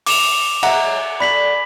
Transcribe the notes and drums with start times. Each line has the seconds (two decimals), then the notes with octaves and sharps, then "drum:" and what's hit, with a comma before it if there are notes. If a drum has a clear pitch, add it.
0.06 D6 E7 F7, drum: open hi-hat
0.63 F#3 G#3 E5 F#5 A#5, drum: cymbal
1.20 D4 F#4 A4 B5 B6 F#7